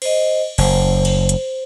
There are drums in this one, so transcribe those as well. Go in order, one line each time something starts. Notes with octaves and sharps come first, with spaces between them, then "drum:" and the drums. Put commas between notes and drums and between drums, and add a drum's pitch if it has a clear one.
C5 D#5, drum: cymbal
F#1 C5, drum: cymbal
drum: cymbal
drum: hi-hat